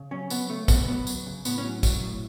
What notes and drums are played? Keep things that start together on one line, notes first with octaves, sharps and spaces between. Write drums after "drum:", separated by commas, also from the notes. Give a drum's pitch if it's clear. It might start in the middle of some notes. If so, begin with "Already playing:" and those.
Already playing: C#3
F#3 C#4
F#3 B3, drum: tambourine
C#3 A3
C#3 B3, drum: kick, tambourine
F#3 B3
F#3, drum: tambourine
C#3
A2 B3, drum: tambourine
C#4
F#3
F#3, drum: kick, tambourine
A2